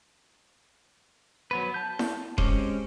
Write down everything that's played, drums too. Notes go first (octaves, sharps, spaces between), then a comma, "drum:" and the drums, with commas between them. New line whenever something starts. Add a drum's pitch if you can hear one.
F#3 B3 B4
A5 G6
drum: snare E4
G#3 C4 C#4 G4, drum: kick D#1